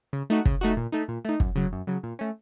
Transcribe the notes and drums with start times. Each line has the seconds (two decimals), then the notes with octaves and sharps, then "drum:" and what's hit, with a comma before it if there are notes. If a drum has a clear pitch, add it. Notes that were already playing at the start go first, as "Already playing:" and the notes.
0.13 C#3
0.30 A3 D#4 F#4
0.45 C#3, drum: kick
0.61 A3 D#4 F#4
0.77 A#2
0.92 A3 D#4
1.08 A#2
1.25 A3 D#4
1.40 F#2, drum: kick
1.56 C#3 F#3
1.72 F#2
1.87 C#3 F#3
2.03 A#2
2.19 A3 C#4